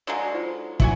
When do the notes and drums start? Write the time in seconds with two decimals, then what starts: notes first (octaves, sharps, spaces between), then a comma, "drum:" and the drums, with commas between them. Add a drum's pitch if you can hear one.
0.07 D3 F#3 G#3 D5 F5 C6
0.34 D#4 F4 C5
0.80 E4 F#4 G#5, drum: kick